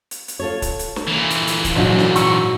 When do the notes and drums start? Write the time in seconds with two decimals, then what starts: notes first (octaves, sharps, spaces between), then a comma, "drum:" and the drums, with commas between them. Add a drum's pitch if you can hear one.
0.11 drum: hi-hat
0.28 drum: hi-hat
0.40 F4 A4 C#5
0.62 drum: kick D1, hi-hat
0.79 drum: hi-hat
0.96 drum: snare
1.08 A#2 E3
1.30 drum: hi-hat
1.47 drum: hi-hat
1.64 drum: kick D1, hi-hat
1.76 A#1 G#2 F#3
1.98 drum: snare
2.16 C#6 E6 C#7, drum: hi-hat